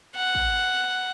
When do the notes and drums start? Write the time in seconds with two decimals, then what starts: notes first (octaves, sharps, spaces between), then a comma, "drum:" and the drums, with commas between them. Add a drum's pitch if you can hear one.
0.16 F#5
0.35 drum: kick